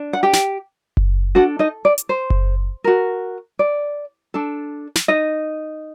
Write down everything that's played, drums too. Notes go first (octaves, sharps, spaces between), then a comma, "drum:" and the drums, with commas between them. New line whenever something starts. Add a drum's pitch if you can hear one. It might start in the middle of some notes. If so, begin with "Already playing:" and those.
Already playing: D4
F#5
G4 G5
drum: snare
drum: kick F#1
D4 F#4 A4 F#5
D#4 D#5
D5
drum: hi-hat
C5
drum: kick F#1
F#4 A#4
D5
D4 A4
drum: snare
D#4 D#5